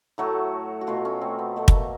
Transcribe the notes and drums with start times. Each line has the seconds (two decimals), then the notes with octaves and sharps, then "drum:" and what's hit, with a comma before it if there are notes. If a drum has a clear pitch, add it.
0.18 A2 F#3 A3 F#4
0.81 F#4
0.87 B2 F#3 A3 F4
1.05 C#4
1.21 C4
1.39 B3
1.56 B2 F#3 A3 B3
1.68 A3, drum: kick
1.74 A#3